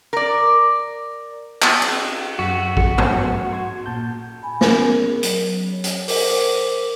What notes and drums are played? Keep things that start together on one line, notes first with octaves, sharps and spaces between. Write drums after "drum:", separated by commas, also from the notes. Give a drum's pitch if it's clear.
A#4 D5
drum: clap
drum: cymbal
F#2 F#4 E6 B6
drum: kick
F#3 B3, drum: tom G2
C6 G#6
A#2 A5 G6
G#5 B5
B3 C#4 G#4 A#4, drum: snare
F#3, drum: hi-hat
C#5
drum: hi-hat
A#4 C5 D6, drum: open hi-hat